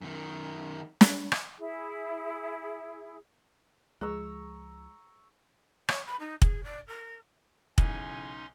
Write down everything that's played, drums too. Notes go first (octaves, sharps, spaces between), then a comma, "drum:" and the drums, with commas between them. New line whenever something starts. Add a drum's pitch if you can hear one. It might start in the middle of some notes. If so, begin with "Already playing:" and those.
F#2 D#3
drum: snare
drum: rim click
E4 G#4
C#2 F3 G#3 G#4 A#5 C#6 E6
C#5, drum: rim click
B5
D#4
G#4, drum: kick
D5
A#4
B1 C#3 E3 C#4 D#4 G#5 C6, drum: kick